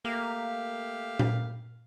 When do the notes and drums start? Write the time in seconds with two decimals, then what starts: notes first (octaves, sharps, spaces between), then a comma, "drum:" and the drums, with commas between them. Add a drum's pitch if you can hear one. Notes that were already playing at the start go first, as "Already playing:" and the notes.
0.05 A3 A#3 G4 F5
1.19 drum: tom A#2